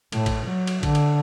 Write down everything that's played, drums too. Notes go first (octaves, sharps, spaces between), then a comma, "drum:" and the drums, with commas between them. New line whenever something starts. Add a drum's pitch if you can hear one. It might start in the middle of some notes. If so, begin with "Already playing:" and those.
A2, drum: cymbal
drum: kick A1, cymbal
F#3
drum: cymbal
D3, drum: kick A1, cymbal
drum: cymbal